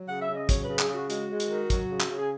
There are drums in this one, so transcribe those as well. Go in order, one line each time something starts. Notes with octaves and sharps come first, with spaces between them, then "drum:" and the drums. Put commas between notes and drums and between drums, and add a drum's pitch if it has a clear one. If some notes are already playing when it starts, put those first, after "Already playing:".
Already playing: F#3
C#3 F#5
E5
C#3
D#5
F#3 C#5, drum: kick, hi-hat
B4
C#3
G#4, drum: clap
C#3
F#4
G#3 F#4, drum: hi-hat
G#3
drum: hi-hat
D#3
F#3, drum: kick, hi-hat
C#3
drum: clap
C#3
G#4